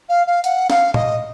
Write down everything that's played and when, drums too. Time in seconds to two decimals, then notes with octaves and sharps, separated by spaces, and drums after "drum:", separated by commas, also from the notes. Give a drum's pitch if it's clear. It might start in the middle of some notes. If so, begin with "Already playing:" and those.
0.09 F5
0.27 F5
0.44 F#5, drum: hi-hat
0.70 F5, drum: snare
0.94 D#5, drum: tom